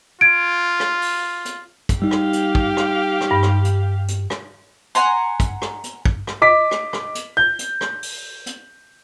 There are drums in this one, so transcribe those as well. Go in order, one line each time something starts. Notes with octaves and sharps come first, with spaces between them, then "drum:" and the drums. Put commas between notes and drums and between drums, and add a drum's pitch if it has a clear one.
F4 G#6 D7
drum: rim click
drum: open hi-hat
drum: hi-hat
drum: kick, hi-hat
G3 D#4 G4 F5
drum: rim click
drum: hi-hat
drum: kick
drum: rim click
drum: rim click
G2
drum: rim click
drum: hi-hat
drum: hi-hat
drum: rim click
F#5 G#5 A#5 C6, drum: hi-hat
drum: kick, hi-hat
drum: rim click
drum: hi-hat
drum: kick
drum: rim click
D#5 D6 B6
drum: rim click
drum: rim click
drum: hi-hat
G6
drum: hi-hat
drum: rim click
drum: open hi-hat
drum: hi-hat